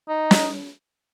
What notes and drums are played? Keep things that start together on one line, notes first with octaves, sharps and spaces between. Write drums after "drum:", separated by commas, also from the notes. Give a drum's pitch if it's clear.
D#4
drum: snare